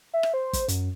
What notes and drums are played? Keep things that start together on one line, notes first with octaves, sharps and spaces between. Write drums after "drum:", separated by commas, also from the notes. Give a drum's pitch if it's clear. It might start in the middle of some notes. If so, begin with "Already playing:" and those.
E5
drum: rim click
C5
drum: kick, hi-hat
F#2, drum: hi-hat